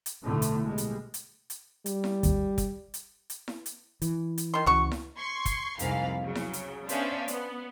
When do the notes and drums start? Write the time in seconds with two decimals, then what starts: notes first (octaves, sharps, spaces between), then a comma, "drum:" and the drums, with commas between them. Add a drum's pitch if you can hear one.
0.06 drum: hi-hat
0.24 B1 A2 D3 A3
0.42 drum: hi-hat
0.67 B2 G3 G#3
0.78 drum: hi-hat
1.14 drum: hi-hat
1.50 drum: hi-hat
1.86 G3, drum: hi-hat
2.04 drum: snare E4
2.23 G#1 D#2, drum: hi-hat
2.58 drum: kick, hi-hat
2.94 drum: hi-hat
3.30 drum: hi-hat
3.48 drum: snare E4
3.66 drum: hi-hat
4.02 E3, drum: hi-hat
4.38 drum: hi-hat
4.54 D#3 C6
4.66 C#2 C#3 E3 F#4 C#6
4.92 drum: snare E4
5.18 C6 C#6 G#6 C7
5.45 drum: kick, hi-hat
5.79 C2 F2 G#2 A#3 F5 B5, drum: hi-hat
6.22 C#3 F#3
6.35 drum: snare E4
6.53 drum: hi-hat
6.89 B3 C#4 D4 C5 E5 F5, drum: hi-hat
7.28 B3, drum: hi-hat